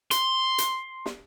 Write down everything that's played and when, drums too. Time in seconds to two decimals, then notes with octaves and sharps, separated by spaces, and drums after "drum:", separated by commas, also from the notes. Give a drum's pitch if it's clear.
0.11 C6, drum: hi-hat
0.58 drum: hi-hat
1.06 drum: snare